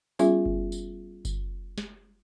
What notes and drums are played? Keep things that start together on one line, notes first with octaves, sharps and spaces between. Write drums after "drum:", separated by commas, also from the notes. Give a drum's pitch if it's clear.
G3 B3 C#4 F4 G#4 E5, drum: tambourine
drum: kick F#1
drum: tambourine
drum: kick F#1, tambourine
drum: snare